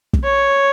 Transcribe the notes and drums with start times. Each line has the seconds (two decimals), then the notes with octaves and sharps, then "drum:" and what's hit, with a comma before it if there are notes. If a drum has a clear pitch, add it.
0.13 drum: kick
0.24 C#5